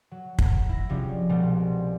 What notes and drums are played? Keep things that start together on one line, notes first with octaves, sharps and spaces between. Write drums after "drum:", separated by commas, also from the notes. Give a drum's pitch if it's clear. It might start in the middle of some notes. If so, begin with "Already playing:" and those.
F#3
drum: kick
E4 A#6
C3 F3 G3 G#3 C#4
C2 B2 F3 G3 G#3